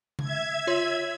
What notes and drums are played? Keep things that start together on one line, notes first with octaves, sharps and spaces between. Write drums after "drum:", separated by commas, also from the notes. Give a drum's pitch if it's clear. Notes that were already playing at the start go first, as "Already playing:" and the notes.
E5 G#6, drum: tom C#3
F4 C#5 C6